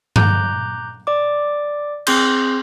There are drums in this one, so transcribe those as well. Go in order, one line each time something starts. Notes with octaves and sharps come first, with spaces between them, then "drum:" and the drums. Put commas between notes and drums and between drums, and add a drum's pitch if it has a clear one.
A#5 D6 F#6 G6, drum: tom G2
D5 D6
C4 G#4 C6 G6, drum: cymbal